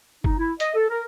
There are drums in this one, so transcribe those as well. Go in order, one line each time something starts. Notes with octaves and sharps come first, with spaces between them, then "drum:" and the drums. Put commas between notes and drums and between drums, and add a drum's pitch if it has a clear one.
D#4, drum: kick G1
E4
D#5, drum: hi-hat
A4
A#4